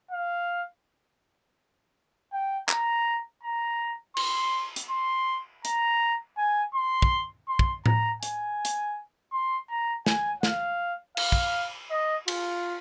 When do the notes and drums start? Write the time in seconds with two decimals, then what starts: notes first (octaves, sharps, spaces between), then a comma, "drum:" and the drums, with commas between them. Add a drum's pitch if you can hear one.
0.11 F5
2.33 G5
2.69 A#5, drum: clap
3.43 A#5
4.17 C6, drum: cymbal
4.76 drum: hi-hat
4.90 C6
5.65 A#5, drum: hi-hat
6.38 G#5
6.75 C6
7.02 drum: kick
7.49 C6
7.59 drum: kick
7.86 A#5, drum: tom A2
8.23 G#5, drum: hi-hat
8.65 drum: hi-hat
9.33 C6
9.70 A#5
10.06 G#5, drum: snare
10.43 F5, drum: snare
11.17 F5, drum: cymbal
11.32 drum: kick
11.90 D#5
12.28 F4, drum: cymbal